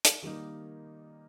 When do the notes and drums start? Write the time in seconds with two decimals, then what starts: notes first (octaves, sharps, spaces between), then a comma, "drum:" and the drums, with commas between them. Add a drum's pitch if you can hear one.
0.05 drum: hi-hat
0.22 D#3 G3 A#3 D#4